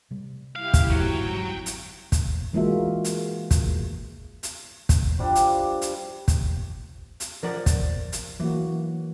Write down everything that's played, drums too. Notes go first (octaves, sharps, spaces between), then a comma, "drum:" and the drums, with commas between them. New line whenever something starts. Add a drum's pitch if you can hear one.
C3 G3
E4 G4 F5
drum: kick, hi-hat
G1 F2 G#2 F#3 G5
drum: hi-hat
drum: kick, hi-hat
E3 G#3 A#3 F4 F#4 E5
drum: hi-hat
drum: kick, hi-hat
drum: hi-hat
drum: kick, hi-hat
F3 G3 D4
drum: hi-hat
drum: hi-hat
drum: kick, hi-hat
drum: hi-hat
F3 A#4 D5 F#5
drum: kick, hi-hat
drum: hi-hat
E3 F#3 A#3 F#4